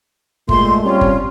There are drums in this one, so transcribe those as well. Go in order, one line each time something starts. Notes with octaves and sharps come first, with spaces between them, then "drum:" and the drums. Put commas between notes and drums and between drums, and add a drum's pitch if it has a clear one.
A#2 G#3 A3 C6, drum: kick G1
G3 C4 C#4 F4
drum: kick G1